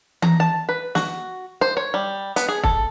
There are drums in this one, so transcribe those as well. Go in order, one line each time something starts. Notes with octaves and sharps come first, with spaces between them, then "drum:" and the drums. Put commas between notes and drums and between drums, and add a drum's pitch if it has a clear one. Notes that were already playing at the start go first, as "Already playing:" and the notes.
A#5, drum: tom E3
A5
B4
F#4, drum: snare
C5
C#5
G3
B3, drum: hi-hat
G#4
A4, drum: kick